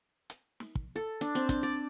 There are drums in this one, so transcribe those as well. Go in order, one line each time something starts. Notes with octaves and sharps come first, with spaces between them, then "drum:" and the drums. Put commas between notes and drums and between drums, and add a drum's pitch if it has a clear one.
drum: hi-hat
drum: snare
drum: kick
A4
D4, drum: hi-hat
C4
D4, drum: kick, hi-hat
D5